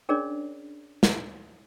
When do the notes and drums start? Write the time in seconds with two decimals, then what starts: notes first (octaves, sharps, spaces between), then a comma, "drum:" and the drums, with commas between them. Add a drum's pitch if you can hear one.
0.09 C#4 D4 G#4 A#4 C#5 D5
1.03 drum: snare